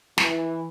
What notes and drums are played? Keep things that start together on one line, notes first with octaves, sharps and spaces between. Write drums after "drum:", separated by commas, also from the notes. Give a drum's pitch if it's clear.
E3, drum: snare